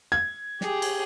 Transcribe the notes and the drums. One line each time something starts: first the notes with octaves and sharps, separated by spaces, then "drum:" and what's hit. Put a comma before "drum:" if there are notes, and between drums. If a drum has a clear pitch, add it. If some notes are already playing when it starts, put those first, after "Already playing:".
G#6
G4 G#4, drum: snare
drum: cymbal